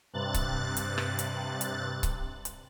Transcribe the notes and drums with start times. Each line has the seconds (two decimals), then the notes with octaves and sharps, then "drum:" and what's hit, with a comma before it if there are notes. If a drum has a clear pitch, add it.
0.13 G2 C3 F#6 A6
0.34 drum: kick C#1, hi-hat
0.77 drum: hi-hat
0.98 drum: rim click
1.19 drum: hi-hat
1.61 drum: hi-hat
2.03 drum: kick C#1, hi-hat
2.45 drum: hi-hat